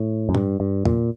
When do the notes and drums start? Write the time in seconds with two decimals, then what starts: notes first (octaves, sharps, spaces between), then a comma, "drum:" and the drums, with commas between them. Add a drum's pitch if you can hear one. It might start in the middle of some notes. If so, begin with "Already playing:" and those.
Already playing: A2
0.29 F#2
0.35 G2, drum: tom A2
0.60 G2
0.85 A#2, drum: tom E2